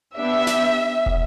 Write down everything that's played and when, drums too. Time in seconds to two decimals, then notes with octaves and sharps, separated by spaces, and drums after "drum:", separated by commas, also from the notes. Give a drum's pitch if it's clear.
0.17 B3 D4 G4 E5
0.47 drum: snare
1.06 drum: kick